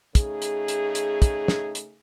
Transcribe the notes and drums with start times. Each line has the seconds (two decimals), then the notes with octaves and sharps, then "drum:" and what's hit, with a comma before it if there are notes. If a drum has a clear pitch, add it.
0.15 C#3 A3 D#4 G#4, drum: kick, hi-hat
0.42 drum: hi-hat
0.68 drum: hi-hat
0.95 drum: hi-hat
1.22 drum: kick, hi-hat
1.48 drum: snare
1.75 drum: hi-hat